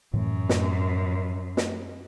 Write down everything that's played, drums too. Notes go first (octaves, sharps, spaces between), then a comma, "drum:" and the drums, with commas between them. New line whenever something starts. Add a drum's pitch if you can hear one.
F#2 A2 E3 A3
drum: snare
drum: snare